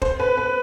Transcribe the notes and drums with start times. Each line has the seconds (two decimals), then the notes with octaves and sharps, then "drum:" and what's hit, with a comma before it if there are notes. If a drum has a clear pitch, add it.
0.02 C5, drum: kick
0.20 B4
0.37 B4